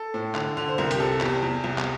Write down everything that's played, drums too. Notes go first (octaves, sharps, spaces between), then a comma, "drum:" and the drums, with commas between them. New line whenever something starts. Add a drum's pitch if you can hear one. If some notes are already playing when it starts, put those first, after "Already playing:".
Already playing: A4
A2
D3, drum: clap
D3
C5
C2 A#4
G4, drum: hi-hat
C3 A4
E2 G4, drum: clap
E2
C2
drum: clap